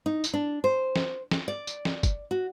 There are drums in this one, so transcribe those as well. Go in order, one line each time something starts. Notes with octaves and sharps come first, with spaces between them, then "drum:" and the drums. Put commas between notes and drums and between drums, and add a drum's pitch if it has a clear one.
D#4
drum: tambourine
D4
C5
drum: snare
drum: snare
D5
drum: tambourine
drum: snare
drum: kick, tambourine
F#4